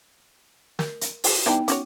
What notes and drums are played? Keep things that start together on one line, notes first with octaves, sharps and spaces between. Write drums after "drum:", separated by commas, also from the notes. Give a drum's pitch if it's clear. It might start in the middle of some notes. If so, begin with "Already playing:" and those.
A#4, drum: snare
drum: hi-hat
drum: open hi-hat
E3 G3 B3 D4 D#4 G5
C#4 F#4 C#5 D6, drum: hi-hat